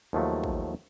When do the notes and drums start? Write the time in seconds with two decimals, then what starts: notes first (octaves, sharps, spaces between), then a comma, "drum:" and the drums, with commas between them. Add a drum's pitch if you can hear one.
0.13 D#2 F3 F#3 A3
0.44 drum: kick A1